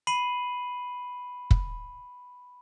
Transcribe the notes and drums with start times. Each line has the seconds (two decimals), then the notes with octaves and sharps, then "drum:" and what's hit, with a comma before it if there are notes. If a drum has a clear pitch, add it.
0.07 B5 C7 D#7 F#7
1.51 drum: kick